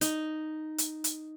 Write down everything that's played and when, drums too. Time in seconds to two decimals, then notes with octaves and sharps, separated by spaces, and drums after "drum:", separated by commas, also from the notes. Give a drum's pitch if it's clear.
0.01 D#4, drum: hi-hat
0.78 drum: hi-hat
1.04 drum: hi-hat